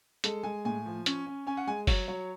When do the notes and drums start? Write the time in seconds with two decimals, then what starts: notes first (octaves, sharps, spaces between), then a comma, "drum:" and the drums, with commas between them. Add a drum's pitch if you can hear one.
0.24 G#3 A4, drum: hi-hat
0.43 G#3 G#5
0.65 A2 G#5
0.86 F3
1.06 C#4, drum: hi-hat
1.26 C#4
1.47 C#4 G#5
1.57 F#5
1.67 G#3 G#5
1.87 F#3 C#5, drum: kick F#1, open hi-hat
2.08 F#3 C#5